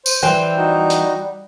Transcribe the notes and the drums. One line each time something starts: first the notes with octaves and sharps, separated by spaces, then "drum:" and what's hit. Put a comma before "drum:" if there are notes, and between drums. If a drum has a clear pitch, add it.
C5, drum: tambourine
E3 G3 C4 G5
D#4 F#4
drum: hi-hat